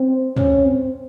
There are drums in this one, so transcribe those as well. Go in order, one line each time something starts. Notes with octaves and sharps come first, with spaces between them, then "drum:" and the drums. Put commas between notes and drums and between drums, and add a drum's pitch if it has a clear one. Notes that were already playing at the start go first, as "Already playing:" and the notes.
Already playing: C4
C#4, drum: tom
C4